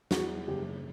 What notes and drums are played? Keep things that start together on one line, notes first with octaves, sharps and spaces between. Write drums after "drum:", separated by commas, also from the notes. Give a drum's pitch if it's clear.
E2 F#4, drum: snare
F#1 G4